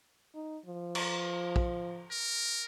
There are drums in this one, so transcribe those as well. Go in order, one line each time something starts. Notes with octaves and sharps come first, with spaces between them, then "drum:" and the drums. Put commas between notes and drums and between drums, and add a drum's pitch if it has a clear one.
D#4
F3
drum: cymbal
drum: kick
A#4